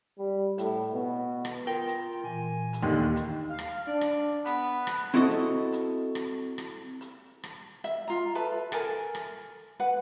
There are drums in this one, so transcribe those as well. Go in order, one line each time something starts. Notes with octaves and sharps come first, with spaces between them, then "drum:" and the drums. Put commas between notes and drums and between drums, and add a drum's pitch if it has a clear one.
G3
A2, drum: hi-hat
B2
drum: rim click
F4 A#4 G5
drum: hi-hat
A#2 E3 G#5
drum: hi-hat
D#2 D3 D#4 G4 C6
drum: hi-hat
F5
drum: rim click
D4 D5
drum: rim click
B3 B6, drum: hi-hat
drum: rim click
C4 E4 F#4 A4 D#5
drum: hi-hat
drum: hi-hat
drum: rim click
drum: rim click
drum: hi-hat
drum: rim click
E5, drum: hi-hat
F4 A#5
A4 B4 E5 A5
A4 A#4 G#5, drum: rim click
drum: rim click
B4 F#5